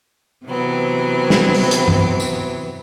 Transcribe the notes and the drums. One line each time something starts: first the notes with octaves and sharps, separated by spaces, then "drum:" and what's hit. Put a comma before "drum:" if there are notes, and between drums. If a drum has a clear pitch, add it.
C3 E3 F#3 B3 C4
drum: snare
drum: open hi-hat
drum: hi-hat
drum: tom G2
drum: tambourine